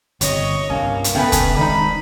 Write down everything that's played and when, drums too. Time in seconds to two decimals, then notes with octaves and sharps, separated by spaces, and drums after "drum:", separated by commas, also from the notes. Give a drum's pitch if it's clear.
0.21 G1 C3 C#5 D#5, drum: hi-hat
0.70 C2 G2 A#3 C#4
1.04 drum: hi-hat
1.15 C#3 A3 B3 C#4 G#4 B4 G5
1.32 drum: kick, hi-hat
1.57 D#3 G3 G#3 C4 D#4 B5